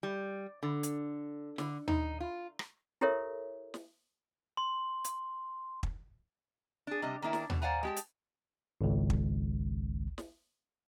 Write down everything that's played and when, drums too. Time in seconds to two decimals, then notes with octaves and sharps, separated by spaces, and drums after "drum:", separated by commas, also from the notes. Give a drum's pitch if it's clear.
0.03 G3
0.63 D3
0.83 drum: hi-hat
1.58 D3, drum: snare
1.88 D#4, drum: tom D#2
2.20 F4
2.59 drum: rim click
3.01 E4 G4 A4 A#4 C#5 E5
3.74 drum: snare
4.57 C6
5.05 drum: hi-hat
5.83 drum: kick
6.87 D4 G#4
7.02 C3 G3 D#5
7.22 D#3 A#3 D4 E4
7.33 drum: snare
7.50 B2, drum: tom D#2
7.62 C5 D5 F5 F#5 G#5 A#5
7.83 G#3 G4 A5
7.97 drum: hi-hat
8.81 G#1 C#2
9.10 drum: kick
10.18 drum: snare